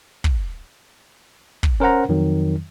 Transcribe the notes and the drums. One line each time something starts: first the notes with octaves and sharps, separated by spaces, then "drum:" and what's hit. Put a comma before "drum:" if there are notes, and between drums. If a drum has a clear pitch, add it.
drum: kick
drum: kick
C#4 A#4 C5 F#5 A#5
F2 D#3 F#3